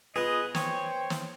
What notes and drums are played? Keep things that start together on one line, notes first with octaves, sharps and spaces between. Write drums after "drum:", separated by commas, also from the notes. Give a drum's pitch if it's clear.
B3 F4 G#4 B4 D#5
C5 C#5 G5, drum: snare
drum: snare